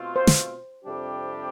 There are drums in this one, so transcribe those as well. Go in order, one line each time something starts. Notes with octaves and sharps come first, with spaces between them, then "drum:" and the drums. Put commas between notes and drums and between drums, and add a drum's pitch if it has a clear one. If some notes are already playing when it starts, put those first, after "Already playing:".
Already playing: B2 A3 C4 F4
C5
drum: snare
F2 C3 G3 D4 G4